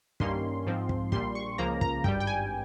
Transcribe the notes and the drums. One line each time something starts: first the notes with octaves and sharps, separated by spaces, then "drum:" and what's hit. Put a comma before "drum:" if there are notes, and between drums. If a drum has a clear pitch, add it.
G2 D#3 G3 A#3 C#4 C6, drum: kick
G#2 F3 C4
drum: kick
A#1 A#2 G3 C6, drum: kick
C#6
C#2 C#3 F3 A#3 A#5
A#5, drum: kick
G#1 G2 G3 G5, drum: kick
G5
G#5